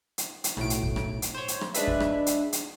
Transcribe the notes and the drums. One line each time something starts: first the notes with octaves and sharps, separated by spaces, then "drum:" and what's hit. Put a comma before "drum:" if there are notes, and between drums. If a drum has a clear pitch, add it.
drum: hi-hat
drum: hi-hat
B1 A2 D7, drum: rim click
drum: hi-hat
drum: kick
drum: rim click
drum: hi-hat
C5 C#5
drum: hi-hat
drum: rim click
G#3 D4 B4 E5, drum: hi-hat
drum: kick
drum: rim click
drum: hi-hat
drum: hi-hat